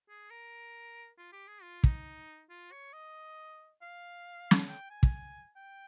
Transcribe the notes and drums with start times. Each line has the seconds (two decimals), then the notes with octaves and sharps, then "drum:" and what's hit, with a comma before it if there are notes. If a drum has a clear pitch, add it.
0.09 G#4
0.30 A#4
1.18 F4
1.32 G4
1.47 G#4
1.62 F4
1.84 D#4, drum: kick
2.50 F4
2.72 C#5
2.93 D#5
3.82 F5
4.51 drum: snare
4.68 G5
4.90 G#5
5.03 drum: kick
5.56 G5